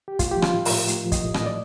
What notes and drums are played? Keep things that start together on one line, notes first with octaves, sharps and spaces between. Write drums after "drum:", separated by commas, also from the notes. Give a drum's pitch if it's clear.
G4
A3 F4, drum: kick, hi-hat
G4
F3
F4, drum: rim click
A2
A#4, drum: open hi-hat
A2
A3, drum: hi-hat
F3
D#5, drum: kick, hi-hat
A2
D#5, drum: rim click
A2
D5